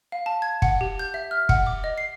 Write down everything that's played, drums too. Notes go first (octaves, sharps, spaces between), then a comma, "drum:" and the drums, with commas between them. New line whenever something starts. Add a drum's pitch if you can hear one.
F5
A5
G#6
F#5, drum: kick
G4
G6
E5
F6
F#5, drum: kick
D6
D#5
C7